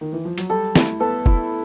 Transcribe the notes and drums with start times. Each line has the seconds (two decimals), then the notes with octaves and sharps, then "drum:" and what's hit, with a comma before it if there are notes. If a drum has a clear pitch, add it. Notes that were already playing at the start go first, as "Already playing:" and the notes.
0.01 D#3
0.13 E3
0.25 F3
0.38 F#3, drum: hi-hat
0.50 G3 A4
0.75 A3 E4, drum: snare
1.00 B3 A4
1.26 E4, drum: kick